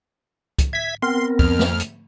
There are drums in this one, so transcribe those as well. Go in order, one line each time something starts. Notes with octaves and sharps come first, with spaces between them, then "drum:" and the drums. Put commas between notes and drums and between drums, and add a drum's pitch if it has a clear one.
drum: kick, hi-hat
E5 G#6 B6
B3 C4 A#4 C6
F2 F6, drum: kick
drum: snare
drum: hi-hat